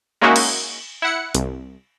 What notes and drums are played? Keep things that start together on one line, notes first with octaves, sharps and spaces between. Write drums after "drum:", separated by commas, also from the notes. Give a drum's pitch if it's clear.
G#3 A#3 C#4 D#4 E4 F#4
drum: cymbal
E4 F#5 C#7
C2, drum: hi-hat